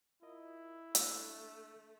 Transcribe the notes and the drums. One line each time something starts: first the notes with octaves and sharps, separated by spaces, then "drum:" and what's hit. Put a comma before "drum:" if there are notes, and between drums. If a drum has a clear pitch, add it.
E4 F4 A#4 D#5
A3 D4 E6 F#6 G6, drum: hi-hat